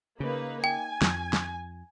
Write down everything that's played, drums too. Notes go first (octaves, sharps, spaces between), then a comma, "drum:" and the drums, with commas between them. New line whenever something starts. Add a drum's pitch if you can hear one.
C#3 A#3 D#4 B4
G5 G#5
F2, drum: snare
drum: snare